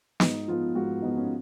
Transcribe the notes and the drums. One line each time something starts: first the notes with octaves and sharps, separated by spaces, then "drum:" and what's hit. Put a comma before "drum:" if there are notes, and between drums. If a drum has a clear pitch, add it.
G#2 D#4, drum: snare
F3 B3 F4
G#2 F#4
F3 B3 D#4
C#4